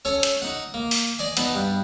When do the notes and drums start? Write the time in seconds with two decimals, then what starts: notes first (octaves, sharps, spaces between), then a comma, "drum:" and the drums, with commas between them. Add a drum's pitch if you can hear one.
0.05 C#4 A4 C#5 G#5
0.23 drum: hi-hat
0.42 D#4 F#5
0.74 A#3
0.91 drum: open hi-hat
1.19 D5 D#5 G#5
1.37 B3 D#4 D#5 A5, drum: hi-hat
1.54 G2